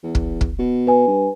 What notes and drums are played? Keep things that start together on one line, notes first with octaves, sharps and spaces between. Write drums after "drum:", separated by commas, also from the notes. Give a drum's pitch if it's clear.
E2
drum: kick
drum: kick
B2
B4 G#5
G2